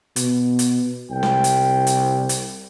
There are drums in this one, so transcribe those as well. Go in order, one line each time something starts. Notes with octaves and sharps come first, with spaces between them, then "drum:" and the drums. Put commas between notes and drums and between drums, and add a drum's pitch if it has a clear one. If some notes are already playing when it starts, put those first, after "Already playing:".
B2, drum: hi-hat
drum: hi-hat
C2 G5
drum: snare
drum: hi-hat
drum: hi-hat
drum: hi-hat